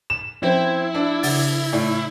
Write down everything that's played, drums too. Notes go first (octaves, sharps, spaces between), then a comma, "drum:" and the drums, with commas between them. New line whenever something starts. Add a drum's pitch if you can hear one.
E7
F3 C4 C#4 E4
D4
C#3 F#5 A6, drum: open hi-hat
A2 D5